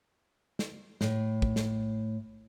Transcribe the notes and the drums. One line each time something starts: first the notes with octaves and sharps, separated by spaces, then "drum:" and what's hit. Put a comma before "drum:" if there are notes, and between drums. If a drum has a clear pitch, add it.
drum: snare
A2, drum: snare
drum: kick
drum: snare